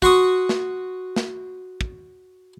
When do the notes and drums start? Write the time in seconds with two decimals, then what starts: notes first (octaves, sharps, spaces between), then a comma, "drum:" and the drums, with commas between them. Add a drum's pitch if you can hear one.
0.02 F#4 C6 C#6 D#6, drum: kick
0.49 drum: snare
1.16 drum: snare
1.81 drum: kick